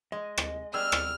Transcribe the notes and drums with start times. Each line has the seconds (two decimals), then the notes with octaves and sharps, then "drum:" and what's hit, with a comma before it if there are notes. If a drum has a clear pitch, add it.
0.12 G#3 D#5
0.37 drum: rim click
0.74 G3 B3 G#4 E6 F6
0.92 drum: rim click